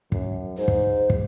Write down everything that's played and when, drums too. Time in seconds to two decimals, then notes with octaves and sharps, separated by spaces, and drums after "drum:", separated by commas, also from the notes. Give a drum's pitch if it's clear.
0.12 F#2, drum: kick
0.58 G#2 C5
0.68 drum: kick
1.10 drum: kick